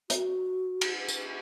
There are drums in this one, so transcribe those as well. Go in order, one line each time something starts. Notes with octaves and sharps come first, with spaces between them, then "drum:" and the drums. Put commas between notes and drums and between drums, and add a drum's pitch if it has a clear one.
F#4, drum: hi-hat
drum: cymbal
drum: tambourine